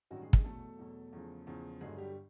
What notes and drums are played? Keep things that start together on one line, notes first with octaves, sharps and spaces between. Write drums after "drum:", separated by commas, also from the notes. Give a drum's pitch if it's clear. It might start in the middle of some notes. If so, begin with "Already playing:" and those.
A1 G2 D#3 F#3 F#4
G#3 G#4
G#3 G#4, drum: kick
E2 B2 F#3 A3 A4
E2 B2 F#3
E2 C#3 F3
E2 C#3 F3
G1 G2 D3 F#3 G#3 G#4
G3 G4